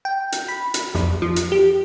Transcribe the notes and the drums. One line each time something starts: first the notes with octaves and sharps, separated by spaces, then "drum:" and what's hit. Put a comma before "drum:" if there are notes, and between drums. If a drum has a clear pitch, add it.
G5
drum: hi-hat
B5
drum: hi-hat
F2, drum: snare
F3
drum: hi-hat
G4